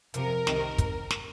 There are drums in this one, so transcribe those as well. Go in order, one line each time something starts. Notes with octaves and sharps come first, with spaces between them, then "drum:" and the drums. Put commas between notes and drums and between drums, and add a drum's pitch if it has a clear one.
F2 C3 F3 A#4, drum: hi-hat
C2 C3 D#3, drum: snare
drum: kick, hi-hat
drum: snare